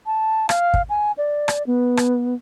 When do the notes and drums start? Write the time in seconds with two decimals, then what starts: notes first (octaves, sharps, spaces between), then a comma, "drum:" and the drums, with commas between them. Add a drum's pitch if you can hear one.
0.06 A5
0.49 F5, drum: rim click
0.74 drum: kick
0.89 G#5
1.18 D5
1.48 drum: rim click
1.67 B3
1.97 drum: rim click